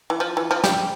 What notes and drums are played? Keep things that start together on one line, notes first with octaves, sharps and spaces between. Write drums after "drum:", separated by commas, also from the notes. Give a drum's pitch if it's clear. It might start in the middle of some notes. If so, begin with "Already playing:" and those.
E3
F3
E3
F3
G3, drum: snare